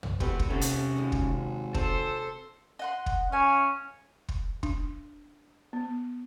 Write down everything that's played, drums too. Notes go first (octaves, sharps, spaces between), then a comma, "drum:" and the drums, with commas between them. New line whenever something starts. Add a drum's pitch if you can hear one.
drum: tom
E2 A3 C4 F#4 G4 B4, drum: kick
drum: kick
D#1 C3 C#4 A4 E5
drum: hi-hat
G#1 D#2 G#3
drum: kick
C4 G#4 A4 C5 A5, drum: kick
D#5 F#5 C6
drum: kick
C#4 F5 G#5
drum: kick
D4, drum: kick
B3